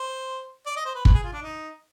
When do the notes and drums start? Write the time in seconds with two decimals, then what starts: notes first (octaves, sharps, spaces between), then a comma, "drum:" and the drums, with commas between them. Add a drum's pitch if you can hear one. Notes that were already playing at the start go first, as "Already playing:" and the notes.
Already playing: C5
0.66 D5
0.76 D#5
0.86 C5
0.95 B4
1.05 B4, drum: kick
1.14 G#4
1.24 F4
1.33 D4
1.42 D#4